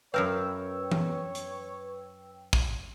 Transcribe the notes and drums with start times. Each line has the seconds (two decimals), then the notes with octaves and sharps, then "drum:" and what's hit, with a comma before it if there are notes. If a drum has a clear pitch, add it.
0.14 F#2 A#4 B4 C#5 F5 G5 E6
0.92 drum: tom E3
1.35 drum: hi-hat
2.53 drum: kick